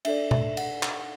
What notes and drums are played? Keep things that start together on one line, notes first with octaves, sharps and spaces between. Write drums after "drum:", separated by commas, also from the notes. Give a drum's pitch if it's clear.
D4 A4 D5 E5, drum: cymbal
E5, drum: tom B2
F#5, drum: cymbal
drum: clap